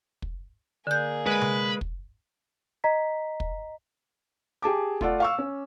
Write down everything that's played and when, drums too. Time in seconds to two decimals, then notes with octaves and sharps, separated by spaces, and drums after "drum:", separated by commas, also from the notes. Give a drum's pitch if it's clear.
0.22 drum: kick
0.87 D3 A#3 G#4 G6
1.27 G#3 B4
1.41 drum: tom C3
1.81 drum: kick
2.84 D#5 A#5 B6
3.40 drum: kick
4.62 G4 G#4 A5 D6
5.01 A3 F4 A4 D5 F#5, drum: kick
5.20 F5 C#6 E6
5.38 C#4